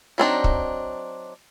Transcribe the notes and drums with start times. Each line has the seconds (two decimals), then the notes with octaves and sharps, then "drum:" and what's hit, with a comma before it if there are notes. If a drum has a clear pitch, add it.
0.18 F#3 C4 D4 D#4
0.44 drum: kick